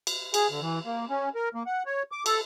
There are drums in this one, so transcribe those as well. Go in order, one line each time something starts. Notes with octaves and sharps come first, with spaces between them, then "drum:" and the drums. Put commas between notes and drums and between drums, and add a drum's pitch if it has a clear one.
drum: cymbal
G#4, drum: cymbal
D3
E3
A#3
C#4
A#4
A#3
F#5
C#5
D6
A4, drum: cymbal